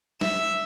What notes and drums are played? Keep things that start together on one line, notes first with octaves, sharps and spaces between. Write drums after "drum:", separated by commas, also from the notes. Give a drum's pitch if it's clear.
E5, drum: snare